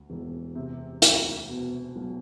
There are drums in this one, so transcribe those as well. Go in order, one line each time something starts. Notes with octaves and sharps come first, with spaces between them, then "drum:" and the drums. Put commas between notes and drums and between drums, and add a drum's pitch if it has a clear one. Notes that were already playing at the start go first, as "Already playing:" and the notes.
Already playing: D2
E1
C3
D2, drum: hi-hat
B2
B1